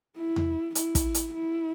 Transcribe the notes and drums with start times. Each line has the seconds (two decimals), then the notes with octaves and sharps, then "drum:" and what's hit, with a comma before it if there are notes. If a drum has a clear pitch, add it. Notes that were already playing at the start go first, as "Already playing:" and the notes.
0.17 E4
0.36 drum: tom E2
0.75 E4, drum: hi-hat
0.95 drum: kick, hi-hat
1.14 drum: hi-hat
1.34 E4